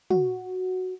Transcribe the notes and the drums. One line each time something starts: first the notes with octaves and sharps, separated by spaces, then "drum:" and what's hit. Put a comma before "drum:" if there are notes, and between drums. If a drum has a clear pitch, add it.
F#4, drum: tom